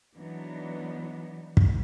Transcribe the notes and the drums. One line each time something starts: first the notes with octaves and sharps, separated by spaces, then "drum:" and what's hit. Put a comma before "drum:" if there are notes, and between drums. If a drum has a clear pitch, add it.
E3 F#3 G#3 B3 D4 D#4
drum: kick